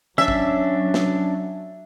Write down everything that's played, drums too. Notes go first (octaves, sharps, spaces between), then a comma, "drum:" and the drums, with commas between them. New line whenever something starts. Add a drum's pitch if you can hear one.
F#3 C#4 D4 E5
drum: kick
drum: snare